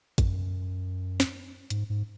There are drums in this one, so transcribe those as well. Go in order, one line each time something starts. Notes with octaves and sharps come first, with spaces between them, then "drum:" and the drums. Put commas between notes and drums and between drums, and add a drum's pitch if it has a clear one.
F#2, drum: kick, hi-hat
drum: snare
G#2, drum: hi-hat
G#2